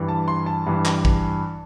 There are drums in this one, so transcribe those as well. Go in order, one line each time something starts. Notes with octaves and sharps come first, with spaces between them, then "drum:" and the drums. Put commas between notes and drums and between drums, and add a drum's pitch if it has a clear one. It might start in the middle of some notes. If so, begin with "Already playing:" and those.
Already playing: G2 E3
A5
C6
A5
G2 E3
drum: clap
drum: kick